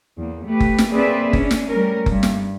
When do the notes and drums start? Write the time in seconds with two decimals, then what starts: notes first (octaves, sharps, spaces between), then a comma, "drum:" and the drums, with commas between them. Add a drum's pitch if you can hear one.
0.18 E2 A#3
0.46 A3 G4 B4
0.60 drum: kick F#1
0.78 drum: snare
0.91 A#3 C4 G#4 B4 D5 E5
1.33 C#4 D4, drum: kick F#1
1.51 drum: snare
1.69 G3 A3 C#4 A#4
2.06 G2, drum: kick F#1
2.23 drum: snare